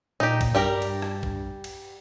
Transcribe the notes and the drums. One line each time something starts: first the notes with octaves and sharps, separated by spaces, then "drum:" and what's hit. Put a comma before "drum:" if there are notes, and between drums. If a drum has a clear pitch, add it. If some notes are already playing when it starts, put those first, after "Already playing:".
A#2 D#4 G4
drum: kick, cymbal
G2 G3 G4 A#4
drum: cymbal
drum: rim click
drum: kick
drum: cymbal